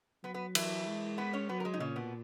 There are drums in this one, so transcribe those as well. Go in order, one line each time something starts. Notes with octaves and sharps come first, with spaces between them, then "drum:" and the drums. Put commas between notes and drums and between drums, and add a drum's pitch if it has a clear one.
F#3 B3 B4
B3 B4
E3 E4, drum: cymbal
G#3
B3 B4
C#4 C#5
F#3 B3 B4
A#4
G#3 G#4
D#4
A#2 C#3 C#4
B2 B3